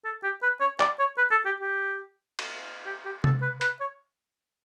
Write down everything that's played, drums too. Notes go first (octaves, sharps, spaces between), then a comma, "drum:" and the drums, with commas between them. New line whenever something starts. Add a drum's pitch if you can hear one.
A4
G4
B4
C#5
D5, drum: clap
C#5
B4
A4
G4
G4
drum: cymbal
G4
G4
A4, drum: tom C3
B4
B4, drum: hi-hat
C#5